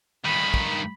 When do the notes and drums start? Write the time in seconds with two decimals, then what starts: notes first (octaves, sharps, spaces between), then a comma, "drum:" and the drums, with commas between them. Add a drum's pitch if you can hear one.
0.25 G2 D#3 B5
0.54 drum: kick